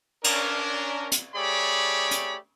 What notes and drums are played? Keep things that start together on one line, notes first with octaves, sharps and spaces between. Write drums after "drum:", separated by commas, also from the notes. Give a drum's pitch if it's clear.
C#4 D4 A#4, drum: cymbal
drum: hi-hat
A3 G4 G#4 C#5 D5 B5
drum: hi-hat